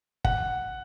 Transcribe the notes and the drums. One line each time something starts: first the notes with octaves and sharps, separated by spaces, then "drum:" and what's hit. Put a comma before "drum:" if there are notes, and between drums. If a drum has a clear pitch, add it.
F#5, drum: kick